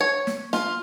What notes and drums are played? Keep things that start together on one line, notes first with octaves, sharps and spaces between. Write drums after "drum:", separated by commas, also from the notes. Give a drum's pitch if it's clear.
C#5
drum: snare
F4, drum: snare